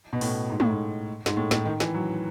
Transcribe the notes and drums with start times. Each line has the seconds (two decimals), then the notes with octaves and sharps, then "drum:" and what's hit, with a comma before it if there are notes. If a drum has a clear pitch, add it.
0.13 B2
0.21 A2, drum: open hi-hat
0.50 G#2
0.60 A2, drum: tom G#3
0.69 G#2
1.26 G#2, drum: snare
1.37 A2
1.51 A2, drum: snare
1.65 D#3
1.80 E3, drum: snare
1.94 F#3